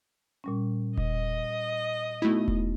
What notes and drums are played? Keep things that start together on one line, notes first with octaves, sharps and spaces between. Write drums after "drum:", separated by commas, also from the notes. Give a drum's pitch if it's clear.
A#2 G3 C#4
D#5, drum: kick E1
A3 B3 D#4 E4 F#4
drum: kick E1